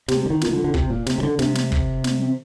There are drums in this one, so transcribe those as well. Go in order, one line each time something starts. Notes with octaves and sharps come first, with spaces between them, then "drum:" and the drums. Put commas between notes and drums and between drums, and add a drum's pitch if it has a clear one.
C3 G4, drum: snare
D3
D#3
F4, drum: snare
D#3
D3
D3
C3, drum: kick
A#2
C3, drum: snare
C3
D3
C3 D4, drum: snare
drum: snare
drum: kick
C4, drum: snare
C4